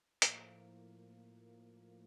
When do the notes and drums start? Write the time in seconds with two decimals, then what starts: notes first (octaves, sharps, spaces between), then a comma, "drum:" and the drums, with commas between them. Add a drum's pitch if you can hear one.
0.22 A2 F3 A#3, drum: hi-hat